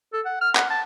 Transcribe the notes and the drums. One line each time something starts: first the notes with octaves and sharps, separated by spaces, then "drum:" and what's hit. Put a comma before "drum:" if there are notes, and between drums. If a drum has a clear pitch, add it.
A4
F#5
F6
F#5, drum: clap
A5